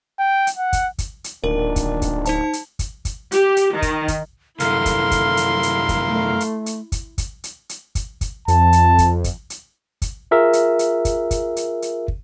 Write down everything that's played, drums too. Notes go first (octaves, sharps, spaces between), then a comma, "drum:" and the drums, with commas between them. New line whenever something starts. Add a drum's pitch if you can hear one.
G5
drum: hi-hat
F#5
drum: kick, hi-hat
drum: kick, hi-hat
drum: hi-hat
D1 A#2 D#3 D4 A#4
drum: kick, hi-hat
drum: kick, hi-hat
D#4 C5 A5, drum: hi-hat
drum: hi-hat
drum: kick, hi-hat
drum: kick, hi-hat
G4, drum: hi-hat
drum: hi-hat
D#3
drum: kick, hi-hat
drum: kick, hi-hat
C2 F#2 E4 A4 A#4 F5 C6, drum: hi-hat
drum: kick, hi-hat
drum: kick, hi-hat
drum: hi-hat
drum: hi-hat
drum: kick, hi-hat
A3
drum: hi-hat
drum: hi-hat
drum: kick, hi-hat
drum: kick, hi-hat
drum: hi-hat
drum: hi-hat
drum: kick, hi-hat
drum: kick, hi-hat
F2 A5, drum: hi-hat
drum: hi-hat
drum: kick, hi-hat
drum: kick, hi-hat
drum: hi-hat
drum: kick, hi-hat
F4 G#4 A#4 E5
drum: hi-hat
drum: hi-hat
drum: kick, hi-hat
drum: kick, hi-hat
drum: hi-hat
drum: hi-hat
drum: kick